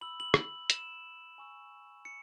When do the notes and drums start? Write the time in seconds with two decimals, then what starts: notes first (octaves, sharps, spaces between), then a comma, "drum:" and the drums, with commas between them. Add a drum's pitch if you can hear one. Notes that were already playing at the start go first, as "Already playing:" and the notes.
0.01 B5 E6 F#7
0.20 F#7
0.34 drum: rim click
0.70 E7, drum: hi-hat
1.38 G#5 C#6 E6
2.05 C#7